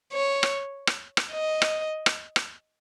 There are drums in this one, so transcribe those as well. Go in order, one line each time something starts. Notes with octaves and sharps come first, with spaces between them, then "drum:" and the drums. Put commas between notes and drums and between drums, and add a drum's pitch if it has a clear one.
C#5
drum: rim click
drum: rim click
drum: rim click
D#5
drum: rim click
drum: rim click
drum: rim click